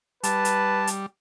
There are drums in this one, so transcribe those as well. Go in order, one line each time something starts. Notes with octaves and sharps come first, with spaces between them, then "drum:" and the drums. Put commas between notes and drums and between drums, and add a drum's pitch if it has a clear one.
G3 B4 A5, drum: hi-hat
drum: hi-hat
drum: hi-hat